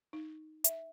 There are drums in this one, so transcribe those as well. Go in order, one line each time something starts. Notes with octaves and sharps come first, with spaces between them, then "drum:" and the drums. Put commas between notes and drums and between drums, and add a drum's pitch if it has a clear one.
D#4
E5, drum: hi-hat